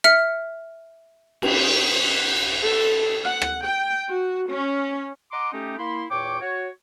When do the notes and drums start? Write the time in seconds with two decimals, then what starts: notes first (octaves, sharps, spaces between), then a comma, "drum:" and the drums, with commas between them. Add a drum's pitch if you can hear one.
0.04 E5 F6 C#7
1.42 drum: cymbal
2.63 A4
3.24 F#5
3.42 drum: rim click
3.63 G5
4.08 F#4
4.50 C#4
5.32 D#5 F#5 A#5 C6 D6
5.53 A3 C#4 D#4 G4
5.78 A#3 E4 B5 C6
6.10 E2 A#2 C#5 G5 C#6 D6
6.41 F#4 C#5